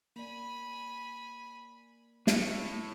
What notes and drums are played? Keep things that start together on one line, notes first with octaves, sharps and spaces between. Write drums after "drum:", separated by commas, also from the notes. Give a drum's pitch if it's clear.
A#3 D5 G#5 B5
A2 C#6, drum: snare